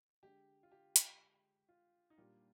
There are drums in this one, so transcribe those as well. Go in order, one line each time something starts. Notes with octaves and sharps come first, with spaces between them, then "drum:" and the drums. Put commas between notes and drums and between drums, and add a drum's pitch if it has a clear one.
D3 G#3 D4 G4
F4
G4
drum: hi-hat
F4
D#4
A#2 G3 A#3 D4 F4 G4